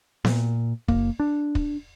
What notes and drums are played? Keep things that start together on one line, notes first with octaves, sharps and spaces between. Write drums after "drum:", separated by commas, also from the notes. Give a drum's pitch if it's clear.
A#2, drum: snare B3
F#1 A#3, drum: kick
D4
drum: kick